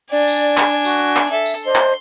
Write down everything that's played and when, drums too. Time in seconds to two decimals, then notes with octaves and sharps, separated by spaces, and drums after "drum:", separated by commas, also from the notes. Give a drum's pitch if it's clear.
0.11 D4 D5 G#5
0.28 drum: tambourine
0.57 drum: clap
0.85 F#4, drum: tambourine
1.16 drum: clap
1.31 A4 E5
1.46 drum: tambourine
1.65 D4 C5 D#5 C6
1.75 drum: clap